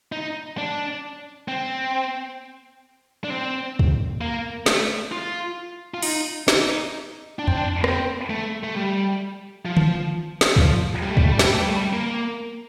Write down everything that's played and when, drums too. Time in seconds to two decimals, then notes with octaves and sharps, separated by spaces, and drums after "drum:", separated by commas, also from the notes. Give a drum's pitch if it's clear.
0.12 D#4
0.58 D4
1.48 C4
3.24 D4
3.30 C4
3.79 drum: kick
4.21 A#3
4.66 A3, drum: snare
5.12 F4
5.94 F4
6.02 D#4, drum: open hi-hat
6.48 D#4, drum: snare
7.39 D4
7.47 C4, drum: tom E2
7.57 D4
7.84 C4, drum: rim click
8.30 A3
8.63 A3
8.75 G3
9.65 F3
9.77 drum: tom D3
10.41 drum: snare
10.56 F3, drum: kick
11.02 G3
11.09 A3
11.17 G3, drum: kick
11.24 A3
11.32 G3
11.39 A3, drum: snare
11.47 G3
11.54 A3
11.62 G3
11.69 A3
11.76 G3
11.93 A#3